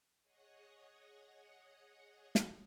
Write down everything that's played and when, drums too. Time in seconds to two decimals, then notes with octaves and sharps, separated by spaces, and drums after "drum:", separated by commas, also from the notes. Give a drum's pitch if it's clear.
0.22 G#4 C#5 D#5 F#5 C#6 D#6
2.35 drum: snare